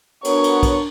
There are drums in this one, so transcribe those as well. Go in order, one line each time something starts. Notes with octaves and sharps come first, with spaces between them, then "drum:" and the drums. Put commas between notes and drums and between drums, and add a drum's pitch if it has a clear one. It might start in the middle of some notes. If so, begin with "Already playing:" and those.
B3 D4 F#4 A#4 C#5 C#6, drum: cymbal
drum: cymbal
drum: kick, cymbal